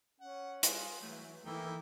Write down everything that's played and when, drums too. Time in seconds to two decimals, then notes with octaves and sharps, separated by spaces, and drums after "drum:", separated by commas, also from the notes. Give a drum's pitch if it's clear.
0.20 C#4 F#5
0.63 G3 F4 G#4 B4, drum: hi-hat
1.01 E3 F#3 A3
1.46 E3 A#3 D#4 E4 A4 G5